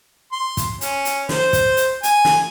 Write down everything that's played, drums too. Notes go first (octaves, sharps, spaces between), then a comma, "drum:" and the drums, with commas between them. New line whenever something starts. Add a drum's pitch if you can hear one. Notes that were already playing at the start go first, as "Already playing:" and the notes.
C6
drum: kick, hi-hat
C#4, drum: hi-hat
drum: hi-hat
C5, drum: snare
drum: kick, hi-hat
drum: hi-hat
G#5, drum: hi-hat
drum: snare